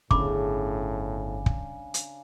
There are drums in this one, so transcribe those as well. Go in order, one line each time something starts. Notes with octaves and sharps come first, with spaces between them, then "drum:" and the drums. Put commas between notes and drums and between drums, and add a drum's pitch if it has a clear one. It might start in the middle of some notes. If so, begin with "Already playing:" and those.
G1 A2 C#3 D4 B5 D6, drum: kick
drum: kick
drum: hi-hat